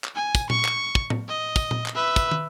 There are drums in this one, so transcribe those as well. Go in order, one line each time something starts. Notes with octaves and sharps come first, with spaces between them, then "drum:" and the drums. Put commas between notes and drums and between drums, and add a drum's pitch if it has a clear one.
drum: clap
G#5
drum: kick, tambourine
C#6, drum: tom A#2
drum: clap
drum: kick
drum: tom A2
D#5
drum: kick, tambourine
drum: tom A#2
drum: clap
B4 E5
drum: kick, tambourine
drum: tom